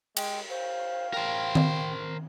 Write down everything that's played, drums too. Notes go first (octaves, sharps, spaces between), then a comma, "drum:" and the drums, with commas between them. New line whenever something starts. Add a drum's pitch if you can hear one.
G#3 G5, drum: cymbal
C5 F5
A#4 C5 G5
drum: tom D#3